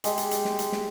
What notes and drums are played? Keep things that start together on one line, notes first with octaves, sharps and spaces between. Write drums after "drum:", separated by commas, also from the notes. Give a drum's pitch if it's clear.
G#3 G4, drum: hi-hat
drum: hi-hat
drum: hi-hat
drum: snare
drum: hi-hat
drum: snare